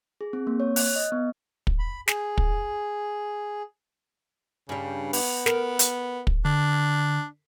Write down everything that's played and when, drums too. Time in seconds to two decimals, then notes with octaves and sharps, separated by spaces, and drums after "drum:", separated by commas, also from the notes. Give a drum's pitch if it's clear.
0.21 G#4
0.33 C4
0.47 A#3
0.60 C#5
0.76 F#6, drum: open hi-hat
0.96 D#5
1.12 B3
1.67 drum: kick
1.79 B5
2.08 G#4, drum: snare
2.38 drum: kick
4.69 G2 C#3 G3
5.13 B3, drum: open hi-hat
5.46 A#4, drum: snare
5.79 drum: hi-hat
6.27 drum: kick
6.45 D3 D4